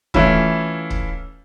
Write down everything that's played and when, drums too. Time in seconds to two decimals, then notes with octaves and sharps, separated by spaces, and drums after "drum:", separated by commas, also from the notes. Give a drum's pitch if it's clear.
0.14 E3 A3 C#4 E4 F4, drum: kick
0.90 drum: kick